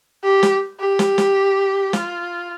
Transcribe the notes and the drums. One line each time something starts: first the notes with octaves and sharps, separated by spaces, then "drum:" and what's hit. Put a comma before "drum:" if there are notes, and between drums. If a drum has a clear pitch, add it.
G4
drum: snare
G4
drum: snare
drum: snare
F4, drum: snare